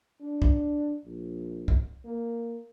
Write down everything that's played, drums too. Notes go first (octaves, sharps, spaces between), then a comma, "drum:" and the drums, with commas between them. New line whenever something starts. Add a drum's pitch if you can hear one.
D4
drum: kick
A#1
drum: kick
A#3